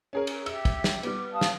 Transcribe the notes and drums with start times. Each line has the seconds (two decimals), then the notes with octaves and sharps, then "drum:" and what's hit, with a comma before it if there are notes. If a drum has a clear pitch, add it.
0.13 C#4 G#4 A#4
0.27 drum: cymbal
0.46 G4 E5 E6, drum: cymbal
0.65 drum: kick, cymbal
0.84 drum: snare
1.03 G3 B3 D6, drum: cymbal
1.31 F5 A5 D#6
1.41 drum: snare